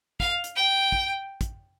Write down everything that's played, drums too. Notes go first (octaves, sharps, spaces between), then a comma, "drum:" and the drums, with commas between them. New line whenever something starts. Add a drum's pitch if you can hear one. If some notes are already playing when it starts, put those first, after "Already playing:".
F5, drum: kick
drum: hi-hat
G5
drum: kick
drum: kick, hi-hat